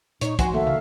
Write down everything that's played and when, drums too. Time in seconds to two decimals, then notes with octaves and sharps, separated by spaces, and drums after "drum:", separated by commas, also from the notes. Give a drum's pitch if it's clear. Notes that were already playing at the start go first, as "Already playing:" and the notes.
0.21 A#2 D#4 C#5, drum: hi-hat
0.39 F3 F#4 C5 G#5, drum: kick, hi-hat
0.54 D#3 A#3 A4 E5
0.67 C#3 F5